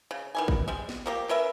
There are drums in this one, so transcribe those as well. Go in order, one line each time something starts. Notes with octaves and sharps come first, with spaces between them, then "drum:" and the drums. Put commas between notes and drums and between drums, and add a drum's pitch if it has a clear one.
C#3
D#3 E3 G#5
drum: kick
G3 G#3
drum: snare
F3 A#3 G4
C#4 A#4 B4 E5